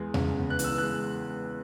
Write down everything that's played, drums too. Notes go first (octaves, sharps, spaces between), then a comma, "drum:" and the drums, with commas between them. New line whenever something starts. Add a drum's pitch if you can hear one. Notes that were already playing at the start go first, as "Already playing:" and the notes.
Already playing: E2 G#3
C#3, drum: tom E2
B3
F#6
E2, drum: hi-hat
E6
G#3 F#6